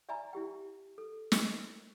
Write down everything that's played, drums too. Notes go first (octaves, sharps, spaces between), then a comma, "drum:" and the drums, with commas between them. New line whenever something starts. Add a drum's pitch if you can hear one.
D5 E5 G#5 A#5 B5
E4 G4 G5
A4
drum: snare